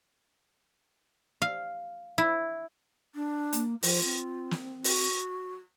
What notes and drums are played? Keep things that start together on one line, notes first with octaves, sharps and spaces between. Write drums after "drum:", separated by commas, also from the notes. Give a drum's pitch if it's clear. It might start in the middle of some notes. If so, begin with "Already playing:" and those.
F5
E4
D4
A#3, drum: hi-hat
F3 F4, drum: open hi-hat
C4
drum: snare
F#4, drum: open hi-hat